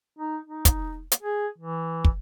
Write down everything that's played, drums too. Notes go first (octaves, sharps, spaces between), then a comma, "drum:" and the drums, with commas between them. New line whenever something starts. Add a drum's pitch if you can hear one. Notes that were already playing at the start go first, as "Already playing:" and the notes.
D#4
D#4
drum: kick, hi-hat
drum: hi-hat
G#4
E3
drum: kick